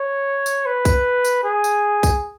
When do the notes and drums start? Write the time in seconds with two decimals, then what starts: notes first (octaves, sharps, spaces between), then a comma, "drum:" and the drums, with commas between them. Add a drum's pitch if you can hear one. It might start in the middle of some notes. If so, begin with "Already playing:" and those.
Already playing: C#5
0.46 drum: tambourine
0.66 B4
0.85 drum: kick, tambourine
1.25 drum: tambourine
1.44 G#4
1.64 drum: tambourine
2.03 drum: kick, tambourine